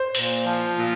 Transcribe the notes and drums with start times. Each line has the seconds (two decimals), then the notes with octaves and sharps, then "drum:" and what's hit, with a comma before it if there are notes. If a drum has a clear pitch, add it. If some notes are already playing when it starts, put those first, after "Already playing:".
Already playing: C5
0.15 A#2, drum: open hi-hat
0.47 F3
0.78 A#2